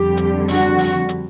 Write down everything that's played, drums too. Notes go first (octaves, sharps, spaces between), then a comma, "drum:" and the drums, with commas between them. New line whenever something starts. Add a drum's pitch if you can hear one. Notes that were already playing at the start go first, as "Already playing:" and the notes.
Already playing: F2 D3 G3 G4
drum: hi-hat
F#4, drum: open hi-hat
drum: open hi-hat
drum: hi-hat